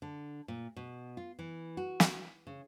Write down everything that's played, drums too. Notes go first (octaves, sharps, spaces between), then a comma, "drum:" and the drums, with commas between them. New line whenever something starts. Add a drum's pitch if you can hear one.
D3
A#2
B2
F4
E3
F#4
drum: snare
C#3